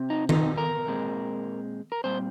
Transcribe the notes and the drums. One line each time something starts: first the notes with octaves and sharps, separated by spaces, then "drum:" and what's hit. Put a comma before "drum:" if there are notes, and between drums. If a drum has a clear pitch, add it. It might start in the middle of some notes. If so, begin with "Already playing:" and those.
Already playing: C3 C4
D#4
D#4, drum: tom D#3
A#4
A#2 G#3 C4
A#4
A#2 G3 C4 C5